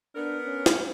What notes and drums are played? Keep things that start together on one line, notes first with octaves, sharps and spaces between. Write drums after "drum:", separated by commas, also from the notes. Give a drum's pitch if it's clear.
B3 D4 A#4
C#4
drum: snare